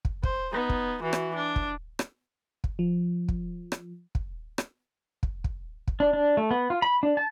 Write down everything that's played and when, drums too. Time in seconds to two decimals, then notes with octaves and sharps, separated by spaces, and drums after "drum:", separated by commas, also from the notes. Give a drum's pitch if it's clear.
0.05 drum: kick
0.23 C5, drum: kick
0.52 B3 D#4
0.69 drum: kick
1.02 E3 F#4
1.13 drum: rim click
1.35 D4
1.56 drum: kick
1.99 drum: rim click
2.64 drum: kick
2.79 F3
3.28 drum: kick
3.72 drum: rim click
4.15 drum: kick
4.58 drum: rim click
5.23 drum: kick
5.44 drum: kick
5.88 drum: kick
6.00 D4
6.13 D4
6.37 A3
6.51 B3
6.70 F4
6.82 B5
7.03 D4
7.17 A5